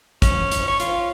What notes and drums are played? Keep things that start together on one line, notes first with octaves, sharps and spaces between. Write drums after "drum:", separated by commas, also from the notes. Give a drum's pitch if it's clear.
C#4, drum: kick, hi-hat
drum: hi-hat
C#5
F4, drum: hi-hat